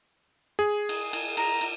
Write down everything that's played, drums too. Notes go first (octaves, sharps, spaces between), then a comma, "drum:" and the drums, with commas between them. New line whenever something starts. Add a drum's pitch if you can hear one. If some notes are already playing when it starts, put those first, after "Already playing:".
G#4
drum: cymbal
drum: cymbal
A#5, drum: cymbal
drum: cymbal